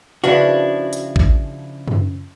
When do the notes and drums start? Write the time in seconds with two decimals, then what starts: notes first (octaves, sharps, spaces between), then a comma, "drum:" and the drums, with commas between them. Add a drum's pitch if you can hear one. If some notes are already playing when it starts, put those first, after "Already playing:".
0.24 C#3 F3 D4 E4 F#4 B4
0.93 drum: hi-hat
1.16 drum: kick
1.88 drum: tom F#2